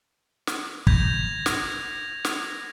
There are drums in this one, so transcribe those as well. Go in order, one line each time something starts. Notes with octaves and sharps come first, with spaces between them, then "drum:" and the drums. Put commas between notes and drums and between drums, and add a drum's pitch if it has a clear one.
drum: snare
G6 G#6 A#6 B6 F7, drum: kick
drum: snare
drum: snare